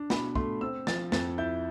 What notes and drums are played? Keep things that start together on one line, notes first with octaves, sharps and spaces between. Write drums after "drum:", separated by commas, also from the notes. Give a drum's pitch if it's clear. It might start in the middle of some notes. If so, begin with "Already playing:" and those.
Already playing: D4
B2 B5, drum: snare
A3 C6, drum: kick
C4 E6
F3 A6, drum: snare
F2 A6, drum: snare
E4 G6